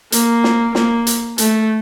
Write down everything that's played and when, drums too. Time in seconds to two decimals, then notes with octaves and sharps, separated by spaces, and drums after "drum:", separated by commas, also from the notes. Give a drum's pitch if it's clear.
0.12 A#3, drum: hi-hat
0.44 drum: snare
0.75 A#3, drum: snare
1.07 drum: hi-hat
1.38 A3, drum: hi-hat